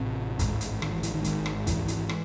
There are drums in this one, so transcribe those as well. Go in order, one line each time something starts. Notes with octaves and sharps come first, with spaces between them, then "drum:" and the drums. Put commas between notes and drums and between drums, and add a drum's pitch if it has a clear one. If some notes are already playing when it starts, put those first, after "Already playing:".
Already playing: A1 A2 C3 C4
A1 G#2, drum: kick, hi-hat
drum: hi-hat
D#3, drum: rim click
E3
E3, drum: hi-hat
D#3
G#1 G#2, drum: hi-hat
drum: rim click
E3, drum: kick, hi-hat
drum: hi-hat
drum: rim click